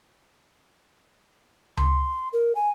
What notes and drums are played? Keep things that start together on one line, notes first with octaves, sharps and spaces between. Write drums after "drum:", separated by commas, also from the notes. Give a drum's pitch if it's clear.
C6, drum: tom C#2
A#4
G#5